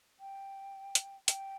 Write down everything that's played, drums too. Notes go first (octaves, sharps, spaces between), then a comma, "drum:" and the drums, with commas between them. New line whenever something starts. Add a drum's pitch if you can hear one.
G5
drum: hi-hat
G5, drum: hi-hat